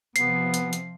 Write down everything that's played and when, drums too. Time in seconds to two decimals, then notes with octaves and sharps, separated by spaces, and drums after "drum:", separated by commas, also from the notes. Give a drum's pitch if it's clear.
0.16 C3 F3 B3 C7, drum: hi-hat
0.54 drum: hi-hat
0.73 drum: hi-hat